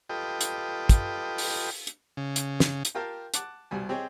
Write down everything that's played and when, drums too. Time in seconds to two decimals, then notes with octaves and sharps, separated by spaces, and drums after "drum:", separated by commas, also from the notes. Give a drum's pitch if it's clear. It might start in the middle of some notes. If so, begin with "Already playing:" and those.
0.09 F4 G4 A4 B4 D#5 G5
0.41 drum: hi-hat
0.89 drum: kick, hi-hat
1.38 drum: open hi-hat
1.87 drum: hi-hat
2.17 C#3
2.36 drum: hi-hat
2.60 drum: snare
2.85 drum: hi-hat
2.95 F4 G4 A#4 F5 G5 A5
3.34 F#5 A5 D6, drum: hi-hat
3.71 C2 B2 G3 G#5
3.89 C4 G4 G#4 C#5 D#5